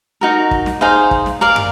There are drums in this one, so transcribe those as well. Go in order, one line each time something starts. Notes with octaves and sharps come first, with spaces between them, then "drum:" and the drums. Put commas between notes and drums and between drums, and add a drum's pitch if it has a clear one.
D#4 F#4 A#4
drum: kick
drum: snare
D#4 G#4 C5 F5
drum: kick
drum: snare
A#4 D5 F5
drum: tom